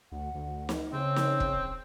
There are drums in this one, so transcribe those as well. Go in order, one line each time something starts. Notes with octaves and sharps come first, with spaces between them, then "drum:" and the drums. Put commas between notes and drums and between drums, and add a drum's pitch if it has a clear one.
D2 F#5
D2
drum: snare
C#3 C4 C#5
drum: snare
drum: kick E1